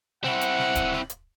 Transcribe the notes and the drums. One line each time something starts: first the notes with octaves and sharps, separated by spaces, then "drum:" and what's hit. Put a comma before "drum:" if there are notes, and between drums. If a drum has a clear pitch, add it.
C4 E4 F#5, drum: snare
drum: hi-hat
drum: snare
drum: kick D1, hi-hat
drum: snare
drum: hi-hat